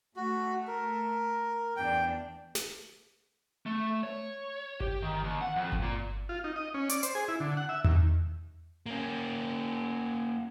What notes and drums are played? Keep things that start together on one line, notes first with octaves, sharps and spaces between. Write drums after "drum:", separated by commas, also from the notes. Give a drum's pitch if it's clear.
A3 F#4
A#4
E2 D4 G5
drum: snare
A3
C#5
G4, drum: kick G1
D#3
D#2
F#5
F2
drum: kick G1
A#2
F4
D#4
D#5
C#4
D5, drum: hi-hat
C5, drum: hi-hat
G#4
E4
D3
F#5
E5
D#2, drum: tom E2
A#3 C#4